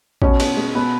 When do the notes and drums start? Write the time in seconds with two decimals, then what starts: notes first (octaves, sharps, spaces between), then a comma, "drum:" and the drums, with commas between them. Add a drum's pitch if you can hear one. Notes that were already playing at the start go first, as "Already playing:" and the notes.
0.22 B2 C#4, drum: kick
0.40 B2, drum: cymbal
0.57 G#3
0.75 B2 B3